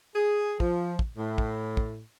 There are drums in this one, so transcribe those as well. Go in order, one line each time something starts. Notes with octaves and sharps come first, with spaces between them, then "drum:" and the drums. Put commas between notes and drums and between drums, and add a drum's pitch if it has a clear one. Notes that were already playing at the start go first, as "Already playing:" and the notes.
G#4
F3, drum: kick
drum: kick
A2
drum: kick
drum: kick